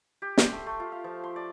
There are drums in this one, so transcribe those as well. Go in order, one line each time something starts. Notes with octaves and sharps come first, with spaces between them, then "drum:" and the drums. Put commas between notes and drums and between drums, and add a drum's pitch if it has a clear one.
G4
C6, drum: snare
A3
A3
F4
F5
F3
C6
D5